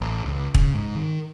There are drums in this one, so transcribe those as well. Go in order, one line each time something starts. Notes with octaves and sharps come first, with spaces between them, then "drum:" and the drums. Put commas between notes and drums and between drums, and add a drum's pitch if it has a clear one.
A1
C#2
C#3, drum: kick
G#2
D#3